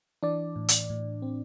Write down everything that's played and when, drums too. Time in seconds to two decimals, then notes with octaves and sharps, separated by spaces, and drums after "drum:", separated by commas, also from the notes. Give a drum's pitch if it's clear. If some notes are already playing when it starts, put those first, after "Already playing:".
0.23 E3 D4 D5
0.56 A2
0.68 drum: hi-hat
0.90 A2
1.22 C4